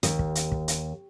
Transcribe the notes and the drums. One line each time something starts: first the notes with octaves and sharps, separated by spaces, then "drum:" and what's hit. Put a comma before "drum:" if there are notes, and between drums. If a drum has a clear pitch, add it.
D#2, drum: hi-hat
drum: kick
drum: hi-hat
drum: kick
drum: hi-hat